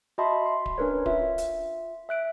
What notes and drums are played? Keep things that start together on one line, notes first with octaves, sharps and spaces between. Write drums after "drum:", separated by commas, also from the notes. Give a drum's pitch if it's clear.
F#4 D#5 E5 A5 B5 C6
C6
drum: kick D1
C#4 D4 A#4 B4 C#5
F4 E5, drum: kick D1
drum: hi-hat
E5 F#6 D7